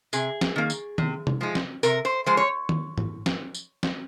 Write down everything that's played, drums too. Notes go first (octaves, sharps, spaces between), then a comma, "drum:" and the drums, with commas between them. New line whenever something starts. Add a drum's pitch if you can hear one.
C3 G#4, drum: tambourine
drum: snare
D#3 A#3
drum: tambourine
C3, drum: tom D#3
drum: tom C3
F3 G#3
drum: snare
C3 A#4, drum: tambourine
C5
F3 G#3 C5
C#5
drum: tom D#3
drum: tom
drum: snare
drum: tambourine
drum: snare